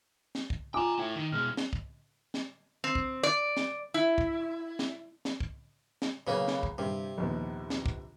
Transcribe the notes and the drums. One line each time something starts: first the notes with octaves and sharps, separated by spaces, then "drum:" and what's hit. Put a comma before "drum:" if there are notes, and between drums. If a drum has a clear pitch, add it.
drum: snare
drum: kick
F4 G5 G#5 A#5 D6
A3 E4 G5
D#3
B2 G#3 F6
drum: snare
drum: kick
drum: snare
C4
drum: kick
D5
drum: snare
E4
drum: kick
drum: snare
drum: snare
drum: kick
drum: snare
B1 C#3 A#3 C#4 B4
drum: snare
drum: kick
G2 C3 G4
A#1 D#2 B3
drum: snare
drum: kick